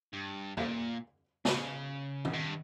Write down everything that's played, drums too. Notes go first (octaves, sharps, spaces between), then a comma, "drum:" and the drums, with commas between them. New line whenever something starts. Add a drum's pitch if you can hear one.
G2
A#2, drum: tom F2
C#3, drum: snare
E2, drum: tom D#3
G2